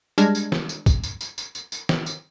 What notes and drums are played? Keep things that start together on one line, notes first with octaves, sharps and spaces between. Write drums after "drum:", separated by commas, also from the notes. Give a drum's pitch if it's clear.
G3 G#3 D4 F6 G#6 A#6, drum: tambourine
drum: tambourine
drum: snare D#3
drum: tambourine
drum: kick, tambourine
drum: tambourine
drum: tambourine
drum: tambourine
drum: tambourine
drum: tambourine
drum: snare D#3
drum: tambourine